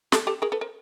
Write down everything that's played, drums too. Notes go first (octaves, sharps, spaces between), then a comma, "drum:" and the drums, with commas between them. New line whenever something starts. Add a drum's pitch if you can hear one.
G4 A4, drum: snare
G4 A4
G#4 A#4
A4 B4
A#4 C5